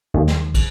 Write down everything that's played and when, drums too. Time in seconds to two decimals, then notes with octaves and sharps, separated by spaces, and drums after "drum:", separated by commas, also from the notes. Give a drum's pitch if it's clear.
0.14 D#2
0.28 drum: snare
0.54 drum: kick, cymbal